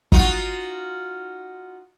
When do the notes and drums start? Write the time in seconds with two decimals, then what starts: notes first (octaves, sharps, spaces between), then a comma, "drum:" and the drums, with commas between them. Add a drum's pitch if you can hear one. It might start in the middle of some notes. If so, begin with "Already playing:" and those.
0.12 D#4 F4 F#4, drum: kick